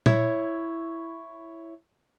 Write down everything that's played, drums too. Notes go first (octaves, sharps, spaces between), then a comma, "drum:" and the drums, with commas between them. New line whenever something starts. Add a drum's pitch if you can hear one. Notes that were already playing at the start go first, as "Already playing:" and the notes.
E4 C#5, drum: tom